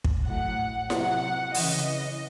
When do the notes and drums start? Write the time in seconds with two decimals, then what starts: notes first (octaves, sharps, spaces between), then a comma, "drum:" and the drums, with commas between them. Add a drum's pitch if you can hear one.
0.05 drum: kick
0.26 A2 F#3 F#5
0.90 F#3 F#5, drum: snare E4
0.95 C3
1.54 C#3 E3 D#5, drum: open hi-hat